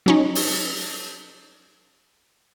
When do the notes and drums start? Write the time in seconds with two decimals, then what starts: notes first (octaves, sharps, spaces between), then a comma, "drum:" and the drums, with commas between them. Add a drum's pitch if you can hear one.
0.06 F#3 C#4 D#4
0.35 drum: open hi-hat